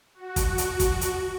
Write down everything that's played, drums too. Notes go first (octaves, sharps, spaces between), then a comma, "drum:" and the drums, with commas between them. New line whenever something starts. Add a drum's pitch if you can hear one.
F#4
drum: kick, hi-hat
drum: hi-hat
drum: kick, hi-hat
drum: hi-hat